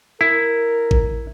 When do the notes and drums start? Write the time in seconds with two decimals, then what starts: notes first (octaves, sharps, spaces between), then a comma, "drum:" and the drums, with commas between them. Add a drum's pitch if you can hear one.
0.21 E4 A#4
0.91 drum: kick G#1